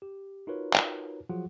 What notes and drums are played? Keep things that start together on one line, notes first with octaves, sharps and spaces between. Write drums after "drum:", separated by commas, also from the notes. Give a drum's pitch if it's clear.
G4
D#4 F4 F#4 A#4 B4 C#5
drum: clap
F3 F#3 F4 F#4 G#4 F#5